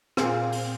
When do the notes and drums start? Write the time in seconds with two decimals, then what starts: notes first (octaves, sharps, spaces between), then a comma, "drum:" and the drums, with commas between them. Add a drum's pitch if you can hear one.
0.17 A#2 A#3 C4 F4 G#4, drum: rim click
0.52 drum: open hi-hat